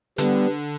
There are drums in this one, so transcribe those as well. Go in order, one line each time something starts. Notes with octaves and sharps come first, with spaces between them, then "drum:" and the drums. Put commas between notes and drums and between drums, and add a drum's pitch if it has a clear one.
D3 G3 B3, drum: hi-hat